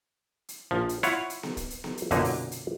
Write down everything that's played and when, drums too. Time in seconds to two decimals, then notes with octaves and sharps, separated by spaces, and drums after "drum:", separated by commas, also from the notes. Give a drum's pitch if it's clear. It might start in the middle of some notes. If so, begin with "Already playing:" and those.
0.49 drum: hi-hat
0.71 A#1 F3
0.89 drum: hi-hat
1.03 E4 F4 C#5 F5 F#5, drum: hi-hat
1.30 drum: hi-hat
1.43 drum: snare B3
1.57 drum: kick, hi-hat
1.70 drum: hi-hat
1.84 drum: snare B3
1.97 drum: hi-hat
2.11 B1 F#2 A#2 D3 A#3 D#4, drum: hi-hat
2.24 drum: open hi-hat
2.51 drum: hi-hat